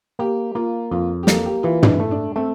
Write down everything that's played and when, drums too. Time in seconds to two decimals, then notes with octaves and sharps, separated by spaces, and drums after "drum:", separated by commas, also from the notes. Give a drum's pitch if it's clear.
0.19 A#3 G4
0.55 A#3 F4
0.91 F2 F4
1.23 G4
1.27 A#3 A4, drum: snare
1.46 G4
1.63 E3 F4
1.83 D4, drum: tom
1.88 E4
2.00 A3
2.11 D4
2.36 A3 C4